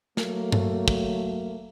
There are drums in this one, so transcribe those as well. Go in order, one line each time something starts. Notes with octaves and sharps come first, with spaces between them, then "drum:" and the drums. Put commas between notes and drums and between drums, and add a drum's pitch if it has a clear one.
F#3 A3 A#3, drum: snare
drum: tom G2
drum: kick